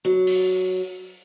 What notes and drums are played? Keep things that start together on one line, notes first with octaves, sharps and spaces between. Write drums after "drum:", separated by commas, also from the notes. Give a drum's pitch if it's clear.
F#3
drum: open hi-hat